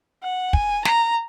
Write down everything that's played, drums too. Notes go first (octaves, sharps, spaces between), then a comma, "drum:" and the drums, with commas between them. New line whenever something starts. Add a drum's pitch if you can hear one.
F#5
G#5, drum: kick
A#5, drum: snare